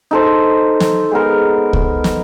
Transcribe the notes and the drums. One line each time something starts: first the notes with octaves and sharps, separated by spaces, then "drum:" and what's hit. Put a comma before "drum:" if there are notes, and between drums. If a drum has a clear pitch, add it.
D#4 A4 C5
drum: snare
G#3 B3 A#4
drum: kick C#2
drum: snare